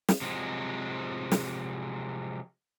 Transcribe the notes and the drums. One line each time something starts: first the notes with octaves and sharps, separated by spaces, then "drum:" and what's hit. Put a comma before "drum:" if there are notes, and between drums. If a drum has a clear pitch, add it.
drum: snare
C3 F3 F#3 G#3
drum: snare